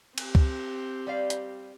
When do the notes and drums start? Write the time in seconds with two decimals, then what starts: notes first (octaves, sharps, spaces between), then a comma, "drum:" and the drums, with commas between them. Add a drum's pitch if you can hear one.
0.18 C4 G4, drum: cymbal
0.35 drum: kick
1.07 G3 D5 F5
1.30 drum: hi-hat